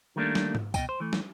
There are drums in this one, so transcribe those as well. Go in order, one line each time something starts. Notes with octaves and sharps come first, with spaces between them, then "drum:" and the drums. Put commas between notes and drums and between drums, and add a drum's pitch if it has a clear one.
D#3 G3 A3 A#3 C#4 D4
drum: snare
drum: tom G#2
B2 D#5 G5, drum: kick, tambourine
C5
E3 A3
drum: snare